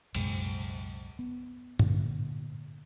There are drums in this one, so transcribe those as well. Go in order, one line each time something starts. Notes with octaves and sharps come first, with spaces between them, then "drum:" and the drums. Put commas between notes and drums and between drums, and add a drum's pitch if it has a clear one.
C2 F#2 A#2 G#3, drum: cymbal
B3
A#2 D3, drum: tom G2